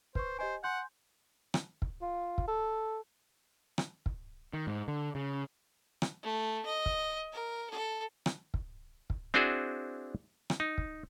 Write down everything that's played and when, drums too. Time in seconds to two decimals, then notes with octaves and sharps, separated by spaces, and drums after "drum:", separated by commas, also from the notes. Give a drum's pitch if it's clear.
0.15 B4 C5 C#6, drum: kick
0.39 G4 C5 D#5 G#5
0.64 F#5 G#5 C6 G6
1.54 drum: rim click
1.82 drum: kick
2.02 F4
2.38 drum: kick
2.48 A4
3.78 drum: rim click
4.06 drum: kick
4.53 D#3
4.67 G#2
4.88 D3
5.15 C#3
6.02 drum: rim click
6.23 A3
6.66 D#5
6.86 drum: kick
7.32 A#4
7.70 A4
8.26 drum: rim click
8.54 drum: kick
9.10 drum: kick
9.34 C4 D4 E4 F#4 G#4 C5
10.50 drum: rim click
10.60 D#4
10.78 drum: kick